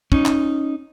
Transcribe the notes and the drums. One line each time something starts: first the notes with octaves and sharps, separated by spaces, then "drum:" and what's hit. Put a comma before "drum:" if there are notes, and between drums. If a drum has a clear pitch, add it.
C#4 D#4, drum: kick
drum: clap